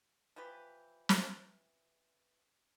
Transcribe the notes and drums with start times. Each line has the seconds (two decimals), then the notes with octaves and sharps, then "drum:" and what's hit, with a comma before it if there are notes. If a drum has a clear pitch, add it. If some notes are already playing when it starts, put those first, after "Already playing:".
0.36 E3 F3 G4 B4
1.09 drum: snare